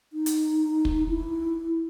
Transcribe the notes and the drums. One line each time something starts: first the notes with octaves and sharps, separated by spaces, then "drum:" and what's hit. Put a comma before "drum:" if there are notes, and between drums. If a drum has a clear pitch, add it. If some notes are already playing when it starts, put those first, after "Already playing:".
D#4
drum: hi-hat
drum: kick
E4